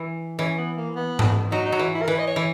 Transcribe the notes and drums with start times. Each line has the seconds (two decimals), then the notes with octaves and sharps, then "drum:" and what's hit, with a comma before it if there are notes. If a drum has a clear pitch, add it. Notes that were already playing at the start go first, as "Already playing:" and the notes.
Already playing: E3
0.39 E3 C#4
0.58 B3
0.77 A#3
0.96 B3
1.19 drum: tom G#2
1.51 F#3 D#4
1.66 D#4
1.72 F#3
1.79 E3
1.94 E4
2.02 A#4
2.08 E3 B4
2.19 D#5
2.27 C#5
2.36 E3